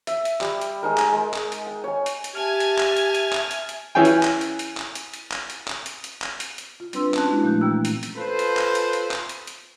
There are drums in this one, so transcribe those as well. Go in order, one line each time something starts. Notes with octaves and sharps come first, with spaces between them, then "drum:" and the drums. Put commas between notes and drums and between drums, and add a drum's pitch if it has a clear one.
E5, drum: hi-hat
drum: hi-hat
G3, drum: clap
drum: hi-hat
G#3 D#4 A#4
drum: clap
G#3
drum: clap
drum: hi-hat
G5
C#5 G#5
drum: hi-hat
drum: hi-hat
G4 E5 G#5 A5 F6 G#6
drum: hi-hat
drum: clap
drum: hi-hat
drum: hi-hat
drum: clap
drum: hi-hat
drum: hi-hat
E3 C#4 G#4 G5
drum: hi-hat
drum: clap
drum: hi-hat
drum: hi-hat
drum: clap
drum: hi-hat
drum: hi-hat
drum: clap
drum: hi-hat
drum: clap
drum: hi-hat
drum: hi-hat
drum: clap
drum: hi-hat
drum: hi-hat
F4
G3 C4 D4 B4 C6 E6, drum: hi-hat
C#4 A5 F#6, drum: clap
G#3 A#3 D4 E4 F#4
A#2 F3 A3 F#4 F#6 G6
E3 A#3 G5 A#5 E6
drum: hi-hat
drum: hi-hat
F4 A4 B4 C5
drum: hi-hat
drum: clap
drum: hi-hat
drum: hi-hat
drum: clap
drum: hi-hat
drum: hi-hat